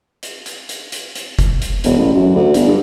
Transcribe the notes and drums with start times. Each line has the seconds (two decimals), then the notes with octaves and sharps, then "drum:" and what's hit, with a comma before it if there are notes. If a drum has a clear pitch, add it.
0.23 drum: hi-hat
0.46 drum: hi-hat
0.69 drum: hi-hat
0.92 drum: hi-hat
1.15 drum: hi-hat
1.39 drum: kick F1, hi-hat
1.62 drum: hi-hat
1.84 E1, drum: hi-hat
1.98 A1
2.15 F#2
2.35 D2
2.54 G1, drum: hi-hat
2.67 G2